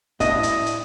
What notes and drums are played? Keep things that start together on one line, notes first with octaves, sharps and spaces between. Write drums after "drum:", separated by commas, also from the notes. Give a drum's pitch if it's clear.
A2 D4 E4 D#5, drum: kick, hi-hat
drum: hi-hat
drum: hi-hat